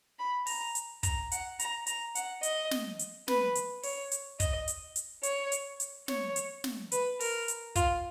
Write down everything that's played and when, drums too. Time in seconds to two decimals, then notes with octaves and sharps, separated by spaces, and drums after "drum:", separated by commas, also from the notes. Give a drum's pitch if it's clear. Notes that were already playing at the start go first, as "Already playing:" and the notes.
0.19 B5
0.47 A#5, drum: open hi-hat
0.75 drum: hi-hat
1.03 A#5, drum: kick, hi-hat
1.32 F#5, drum: hi-hat
1.59 A#5, drum: hi-hat
1.87 A#5, drum: hi-hat
2.15 F#5, drum: hi-hat
2.43 D#5, drum: hi-hat
2.71 drum: snare
2.99 drum: hi-hat
3.28 B4, drum: snare
3.55 drum: hi-hat
3.83 C#5, drum: open hi-hat
4.11 drum: hi-hat
4.40 D#5, drum: kick, hi-hat
4.68 drum: hi-hat
4.96 drum: hi-hat
5.23 C#5, drum: hi-hat
5.52 drum: hi-hat
5.80 drum: hi-hat
6.08 C#5, drum: snare
6.36 drum: hi-hat
6.64 drum: snare
6.92 B4, drum: hi-hat
7.20 A#4, drum: open hi-hat
7.48 drum: hi-hat
7.75 F4, drum: kick, hi-hat